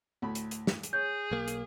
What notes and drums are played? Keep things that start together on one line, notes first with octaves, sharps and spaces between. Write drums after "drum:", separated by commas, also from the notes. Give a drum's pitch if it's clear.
D2 A2 B5
drum: hi-hat
drum: hi-hat
drum: snare
drum: hi-hat
G#4 C#5 G6
B1 A#3
drum: hi-hat